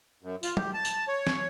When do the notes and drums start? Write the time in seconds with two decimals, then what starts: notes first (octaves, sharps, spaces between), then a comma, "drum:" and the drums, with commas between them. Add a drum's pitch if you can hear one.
0.23 F#2
0.43 F4, drum: tambourine
0.57 G4, drum: tom
0.74 A5
0.85 drum: tambourine
1.08 C#5
1.27 drum: snare